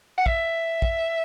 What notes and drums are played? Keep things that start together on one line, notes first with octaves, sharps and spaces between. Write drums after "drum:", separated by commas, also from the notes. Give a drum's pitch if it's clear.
F#5
E5, drum: kick
drum: kick